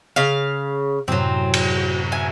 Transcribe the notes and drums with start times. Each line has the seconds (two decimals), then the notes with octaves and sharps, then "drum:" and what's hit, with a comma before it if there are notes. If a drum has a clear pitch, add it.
0.16 C#3 F5
1.08 F#2 A2 C3 F#3 C4
1.54 drum: cymbal
2.12 E5 G#5